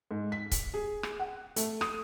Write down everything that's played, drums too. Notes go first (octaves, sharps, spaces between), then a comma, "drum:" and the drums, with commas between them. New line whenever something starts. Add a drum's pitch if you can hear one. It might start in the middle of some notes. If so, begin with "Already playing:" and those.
G#2
B6
drum: kick C#1, hi-hat
G#4
drum: rim click
F#5
A3, drum: hi-hat
D#6, drum: rim click